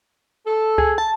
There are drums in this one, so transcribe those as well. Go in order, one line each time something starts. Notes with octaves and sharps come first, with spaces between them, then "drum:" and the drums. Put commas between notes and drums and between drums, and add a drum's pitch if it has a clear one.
A4
G#4, drum: kick C#2
A5